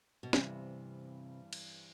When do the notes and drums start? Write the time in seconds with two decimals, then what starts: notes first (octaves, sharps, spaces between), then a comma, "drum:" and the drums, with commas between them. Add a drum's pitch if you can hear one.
0.23 B2
0.33 G2 C3 E3 G3 C4, drum: snare
1.53 drum: cymbal